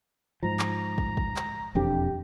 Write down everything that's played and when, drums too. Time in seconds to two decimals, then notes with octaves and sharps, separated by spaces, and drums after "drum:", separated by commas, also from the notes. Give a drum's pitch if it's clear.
0.43 G#2 F3 A#5
0.59 drum: clap
0.98 drum: kick
1.17 drum: kick
1.36 drum: clap
1.75 E1 F2 D4 G4